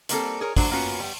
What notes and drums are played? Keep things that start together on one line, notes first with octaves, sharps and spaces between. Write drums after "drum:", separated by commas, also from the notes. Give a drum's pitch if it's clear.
G3 A#3 C4 A4, drum: hi-hat
G#4 A#4 C#5
F#3 A3 D4 C5, drum: kick, open hi-hat
A#3 B3 C#4 F4 F#4
G3 B3